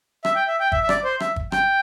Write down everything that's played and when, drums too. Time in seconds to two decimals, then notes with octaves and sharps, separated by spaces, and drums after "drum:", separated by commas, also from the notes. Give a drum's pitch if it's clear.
0.25 E5, drum: rim click
0.36 G5
0.48 E5
0.60 G5
0.72 E5, drum: kick
0.83 E5
0.89 D5, drum: rim click
1.04 C5
1.20 E5, drum: rim click
1.36 drum: kick
1.52 G5, drum: rim click